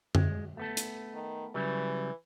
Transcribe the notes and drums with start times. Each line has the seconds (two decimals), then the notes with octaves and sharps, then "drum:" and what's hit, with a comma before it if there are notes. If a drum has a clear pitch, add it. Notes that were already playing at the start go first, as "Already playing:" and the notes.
0.15 G#3, drum: tom F#2
0.57 A3 B3 A4
0.77 drum: hi-hat
1.14 D#3
1.55 C#3 E3 F#3 G3